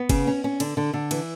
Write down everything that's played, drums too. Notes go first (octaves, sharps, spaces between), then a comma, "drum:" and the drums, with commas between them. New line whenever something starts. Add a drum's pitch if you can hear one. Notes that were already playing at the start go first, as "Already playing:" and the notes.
Already playing: B3
C#3, drum: kick, cymbal
C#4
C#4
D3, drum: cymbal
D3
D3
E3, drum: cymbal